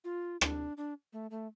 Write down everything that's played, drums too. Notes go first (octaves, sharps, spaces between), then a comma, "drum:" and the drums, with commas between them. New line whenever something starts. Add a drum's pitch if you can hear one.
F4
D4, drum: rim click
D4
A3
A3